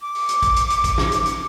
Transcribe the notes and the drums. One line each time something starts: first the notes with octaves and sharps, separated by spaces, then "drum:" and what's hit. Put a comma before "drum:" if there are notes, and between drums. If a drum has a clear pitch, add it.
D6
drum: open hi-hat
drum: hi-hat
drum: kick, hi-hat
drum: hi-hat
drum: hi-hat
drum: kick, hi-hat
drum: snare
drum: hi-hat
drum: hi-hat